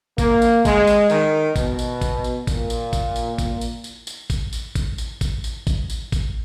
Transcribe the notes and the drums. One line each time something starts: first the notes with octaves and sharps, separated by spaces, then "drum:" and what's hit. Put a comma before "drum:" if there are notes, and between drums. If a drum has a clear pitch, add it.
A#3, drum: kick, tambourine
drum: tambourine
G#3, drum: kick, tambourine
drum: tambourine
D#3, drum: tambourine
B2, drum: kick, tambourine
drum: tambourine
drum: kick, tambourine
drum: tambourine
A#2, drum: kick, tambourine
drum: tambourine
drum: kick, tambourine
drum: tambourine
drum: kick, tambourine
drum: tambourine
drum: tambourine
drum: tambourine
drum: kick, tambourine
drum: tambourine
drum: kick, tambourine
drum: tambourine
drum: kick, tambourine
drum: tambourine
drum: kick, tambourine
drum: tambourine
drum: kick, tambourine